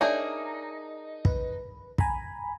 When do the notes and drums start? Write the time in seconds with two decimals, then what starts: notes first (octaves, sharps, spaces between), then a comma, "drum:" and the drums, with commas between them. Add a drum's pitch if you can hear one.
0.01 D4 D#4 G#4 A#4 C#5 D5 E5
1.25 B4, drum: kick
1.98 G#5 A#5 B5, drum: kick